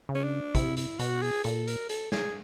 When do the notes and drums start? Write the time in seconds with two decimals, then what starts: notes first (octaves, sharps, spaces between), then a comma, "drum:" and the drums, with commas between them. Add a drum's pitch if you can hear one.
0.09 C#3
0.15 C#4
0.24 D4
0.55 C3 E4, drum: kick, hi-hat
0.77 E4, drum: hi-hat
0.99 B2 F#4, drum: hi-hat
1.22 G#4, drum: open hi-hat
1.44 A#2 A4, drum: hi-hat
1.68 A#4, drum: hi-hat
1.89 A4, drum: hi-hat
2.12 G#4, drum: snare